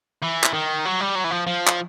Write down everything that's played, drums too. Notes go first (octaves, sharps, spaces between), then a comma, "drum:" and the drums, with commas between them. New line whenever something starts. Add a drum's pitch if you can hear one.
E3
drum: clap
D#3
F#3
G3
F#3
E3
F3
F3
drum: clap